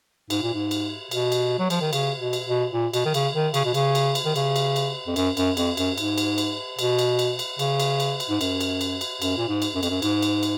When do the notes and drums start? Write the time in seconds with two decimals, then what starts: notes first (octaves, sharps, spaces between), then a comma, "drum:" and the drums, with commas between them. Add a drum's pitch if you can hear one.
0.30 G#2, drum: cymbal
0.43 A#2
0.54 G#2
0.71 drum: cymbal
1.11 B2, drum: cymbal
1.32 drum: cymbal
1.59 F#3
1.70 F3, drum: cymbal
1.81 D#3
1.93 C#3, drum: cymbal
2.20 B2
2.33 drum: cymbal
2.46 B2
2.73 A#2
2.93 B2, drum: cymbal
3.05 D#3
3.14 C#3, drum: cymbal
3.35 D#3
3.54 C#3, drum: cymbal
3.65 B2
3.74 C#3, drum: cymbal
3.95 drum: cymbal
4.15 drum: cymbal
4.25 D#3
4.36 C#3, drum: cymbal
4.56 drum: cymbal
4.76 drum: cymbal
5.07 F2
5.16 F#2, drum: cymbal
5.37 F#2, drum: cymbal
5.57 F2, drum: cymbal
5.77 F#2, drum: cymbal
5.98 G#2, drum: cymbal
6.18 drum: cymbal
6.38 drum: cymbal
6.79 B2, drum: cymbal
6.99 drum: cymbal
7.19 drum: cymbal
7.39 drum: cymbal
7.59 C#3, drum: cymbal
7.80 drum: cymbal
8.00 drum: cymbal
8.20 drum: cymbal
8.30 G#2
8.41 F#2, drum: cymbal
8.61 drum: cymbal
8.81 drum: cymbal
9.01 drum: cymbal
9.22 F#2, drum: cymbal
9.37 A#2
9.48 G#2
9.62 drum: cymbal
9.75 F#2
9.83 F2, drum: cymbal
9.90 F#2
10.02 G#2, drum: cymbal
10.22 drum: cymbal
10.43 drum: cymbal